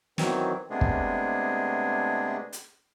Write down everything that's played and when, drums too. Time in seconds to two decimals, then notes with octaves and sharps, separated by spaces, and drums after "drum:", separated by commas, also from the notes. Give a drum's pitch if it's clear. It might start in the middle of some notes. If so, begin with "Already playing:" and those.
0.18 D#3 E3 F#3 C4, drum: snare
0.70 C3 G#3 A3 B3 D4 G#4
0.81 drum: kick
2.53 drum: hi-hat